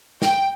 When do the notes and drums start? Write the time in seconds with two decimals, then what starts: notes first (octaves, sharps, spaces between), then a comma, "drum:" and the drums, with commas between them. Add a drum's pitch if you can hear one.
0.22 G5, drum: snare